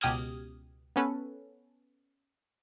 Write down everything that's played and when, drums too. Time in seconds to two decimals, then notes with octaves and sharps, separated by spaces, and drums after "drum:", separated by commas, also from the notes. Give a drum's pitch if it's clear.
0.01 C#2 B2 G4 D#6 F6 G#6, drum: open hi-hat
0.96 B3 C#4 A4 B4